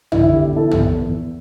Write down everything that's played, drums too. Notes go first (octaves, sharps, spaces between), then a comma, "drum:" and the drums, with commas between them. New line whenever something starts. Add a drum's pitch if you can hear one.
D3 E4, drum: tom
G4
E2
E4 A4
E2, drum: tom
E2